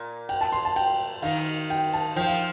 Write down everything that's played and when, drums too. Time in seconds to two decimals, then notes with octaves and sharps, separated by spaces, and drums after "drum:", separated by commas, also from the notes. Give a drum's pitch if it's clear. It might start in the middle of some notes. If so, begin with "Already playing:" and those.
Already playing: A#2
0.29 G5, drum: cymbal
0.41 A5
0.52 C6, drum: cymbal
0.65 A5
0.76 G5, drum: cymbal
1.23 D#3 F5, drum: cymbal
1.46 drum: cymbal
1.70 G5, drum: cymbal
1.93 A5, drum: cymbal
2.16 F3 G5, drum: cymbal
2.27 F5